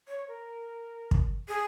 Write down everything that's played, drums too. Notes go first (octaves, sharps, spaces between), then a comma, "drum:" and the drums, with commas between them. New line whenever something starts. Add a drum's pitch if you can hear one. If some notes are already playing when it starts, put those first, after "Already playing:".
C#5
A#4
drum: kick
G#4